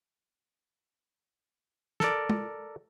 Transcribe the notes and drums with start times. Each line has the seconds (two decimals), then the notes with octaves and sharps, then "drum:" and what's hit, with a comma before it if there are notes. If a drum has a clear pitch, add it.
2.00 A4 A#4 D5, drum: snare
2.30 drum: tom